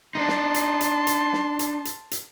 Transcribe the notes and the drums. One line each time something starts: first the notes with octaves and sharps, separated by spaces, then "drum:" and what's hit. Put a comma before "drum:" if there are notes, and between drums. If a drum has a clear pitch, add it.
D4 D#4 A5 C6
drum: snare
drum: hi-hat
drum: hi-hat
drum: hi-hat
drum: snare
drum: hi-hat
drum: hi-hat
drum: hi-hat